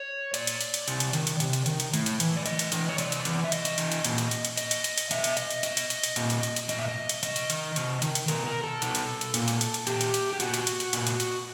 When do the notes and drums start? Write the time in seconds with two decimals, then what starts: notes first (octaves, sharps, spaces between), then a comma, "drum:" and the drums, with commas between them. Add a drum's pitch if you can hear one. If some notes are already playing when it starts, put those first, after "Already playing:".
Already playing: C#5
0.34 A#2 D5, drum: hi-hat
0.47 drum: hi-hat
0.61 drum: hi-hat
0.74 drum: hi-hat
0.88 C3, drum: hi-hat
1.00 drum: hi-hat
1.13 D#3, drum: hi-hat
1.27 drum: hi-hat
1.40 C3, drum: hi-hat
1.53 drum: hi-hat
1.66 D#3, drum: hi-hat
1.80 drum: hi-hat
1.94 A2, drum: hi-hat
2.06 drum: hi-hat
2.20 E3, drum: hi-hat
2.37 D5
2.46 A2 D#5, drum: hi-hat
2.59 drum: hi-hat
2.72 E3, drum: hi-hat
2.89 C#5
2.98 C3 D5, drum: hi-hat
3.12 drum: hi-hat
3.25 E3, drum: hi-hat
3.44 E5
3.52 C3 D#5, drum: hi-hat
3.65 drum: hi-hat
3.78 E3, drum: hi-hat
3.92 drum: hi-hat
4.04 A#2, drum: hi-hat
4.18 drum: hi-hat
4.31 drum: hi-hat
4.45 drum: hi-hat
4.57 A#2 D#5, drum: hi-hat
4.71 drum: hi-hat
4.84 drum: hi-hat
4.98 drum: hi-hat
5.11 B2 E5, drum: hi-hat
5.24 drum: hi-hat
5.37 D#5, drum: hi-hat
5.50 drum: hi-hat
5.63 B2 D#5, drum: hi-hat
5.77 drum: hi-hat
5.90 drum: hi-hat
6.03 drum: hi-hat
6.16 A#2, drum: hi-hat
6.30 drum: hi-hat
6.43 drum: hi-hat
6.56 drum: hi-hat
6.69 A#2 D#5, drum: hi-hat
6.79 E5
6.88 D#5
7.09 drum: hi-hat
7.23 C3 D#5, drum: hi-hat
7.36 drum: hi-hat
7.50 D#3, drum: hi-hat
7.76 C3, drum: hi-hat
8.02 D#3, drum: hi-hat
8.15 drum: hi-hat
8.28 B2 A#4, drum: hi-hat
8.46 A#4
8.64 A4
8.82 B2, drum: hi-hat
8.95 drum: hi-hat
9.21 drum: hi-hat
9.34 A#2, drum: hi-hat
9.48 drum: hi-hat
9.61 drum: hi-hat
9.74 drum: hi-hat
9.87 A#2 G4, drum: hi-hat
10.01 drum: hi-hat
10.14 drum: hi-hat
10.33 G4
10.40 A#2 F#4, drum: hi-hat
10.54 drum: hi-hat
10.67 drum: hi-hat
10.80 drum: hi-hat
10.93 A#2, drum: hi-hat
11.07 drum: hi-hat
11.20 drum: hi-hat